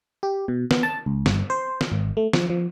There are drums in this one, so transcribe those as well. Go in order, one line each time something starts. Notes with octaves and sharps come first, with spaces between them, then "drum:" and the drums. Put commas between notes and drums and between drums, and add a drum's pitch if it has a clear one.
G4
B2
B3, drum: snare
A5
C#2
G1, drum: snare
C5
drum: snare
G#1
A3
F3, drum: snare
F3